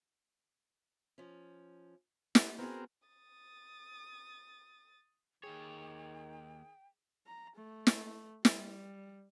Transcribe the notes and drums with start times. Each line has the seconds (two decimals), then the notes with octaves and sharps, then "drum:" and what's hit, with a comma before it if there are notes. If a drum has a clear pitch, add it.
1.18 F3 C#4
2.35 G4 F#5, drum: snare
2.58 B3 C4 F#4 G#4 A#4
3.08 D#6 A6
5.43 D#2 D#3 G#4 C#5 G5
7.27 A#5
7.56 A3
7.87 drum: snare
8.45 G3, drum: snare